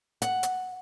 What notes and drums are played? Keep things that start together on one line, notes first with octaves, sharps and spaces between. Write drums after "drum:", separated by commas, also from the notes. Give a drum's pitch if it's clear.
F#5, drum: hi-hat
drum: hi-hat